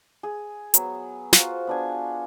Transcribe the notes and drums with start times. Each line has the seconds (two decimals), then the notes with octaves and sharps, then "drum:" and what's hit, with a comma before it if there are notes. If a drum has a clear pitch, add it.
0.23 G#4
0.74 F#3 B3, drum: hi-hat
1.33 F4 F#4 C5, drum: snare
1.67 B3 D4 G#5